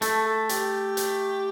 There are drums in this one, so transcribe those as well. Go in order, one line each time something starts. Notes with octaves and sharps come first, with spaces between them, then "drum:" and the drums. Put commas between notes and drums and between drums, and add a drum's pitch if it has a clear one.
A3 A4, drum: hi-hat
A4
G4, drum: hi-hat
drum: hi-hat